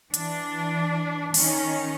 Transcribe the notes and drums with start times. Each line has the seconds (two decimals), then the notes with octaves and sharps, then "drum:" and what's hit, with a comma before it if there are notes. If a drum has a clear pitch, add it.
0.14 E3 D4, drum: hi-hat
1.34 D#3 C#4 D#4, drum: open hi-hat